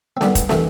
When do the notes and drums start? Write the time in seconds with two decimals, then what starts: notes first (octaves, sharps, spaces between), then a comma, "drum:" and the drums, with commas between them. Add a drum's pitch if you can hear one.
0.17 C4
0.21 D3 G3 B3 D4, drum: snare
0.35 drum: kick, hi-hat
0.49 C3 E3 A3, drum: snare